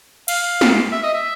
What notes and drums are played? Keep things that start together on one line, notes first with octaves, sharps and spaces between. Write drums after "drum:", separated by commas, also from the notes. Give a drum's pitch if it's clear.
F5, drum: cymbal
drum: snare
E5
D#5
E5